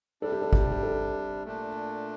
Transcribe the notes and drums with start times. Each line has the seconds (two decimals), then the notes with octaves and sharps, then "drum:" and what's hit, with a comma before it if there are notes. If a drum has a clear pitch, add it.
0.22 C3 G3 D4 A4
0.32 G4
0.42 A4
0.53 G4, drum: kick G#1
0.71 G4
0.83 A4
1.44 A#2 A3 D4